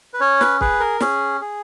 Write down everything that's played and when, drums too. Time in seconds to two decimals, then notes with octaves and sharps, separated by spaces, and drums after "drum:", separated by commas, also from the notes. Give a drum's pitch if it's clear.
0.13 B4
0.20 C#4 C#5
0.41 B4, drum: snare
0.61 G#4 B4, drum: kick
0.80 A#4
1.00 C#4 G#4, drum: snare
1.41 G#4